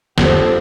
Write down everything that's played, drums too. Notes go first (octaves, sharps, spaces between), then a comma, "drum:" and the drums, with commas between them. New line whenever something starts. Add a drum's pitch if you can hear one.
F2 D3 F3 C4 G4, drum: snare